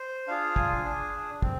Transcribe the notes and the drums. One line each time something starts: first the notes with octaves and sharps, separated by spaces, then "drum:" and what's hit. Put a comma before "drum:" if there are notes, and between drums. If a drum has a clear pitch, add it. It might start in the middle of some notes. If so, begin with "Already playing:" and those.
Already playing: C5
D4 F4 G#4 F5
G#5, drum: kick
D4 G#4
C4, drum: kick